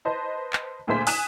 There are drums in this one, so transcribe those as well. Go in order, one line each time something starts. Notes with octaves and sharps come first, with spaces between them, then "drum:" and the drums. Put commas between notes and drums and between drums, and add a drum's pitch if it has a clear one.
B4 C5 D#5 A5
drum: clap
D2 A#2 A3 G#4 C5 B6
G#5 D#6 F#6 B6 D#7 E7, drum: open hi-hat